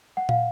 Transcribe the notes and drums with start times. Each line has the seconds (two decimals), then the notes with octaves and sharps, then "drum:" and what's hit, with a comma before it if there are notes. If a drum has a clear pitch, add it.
0.17 F#5
0.29 F5, drum: tom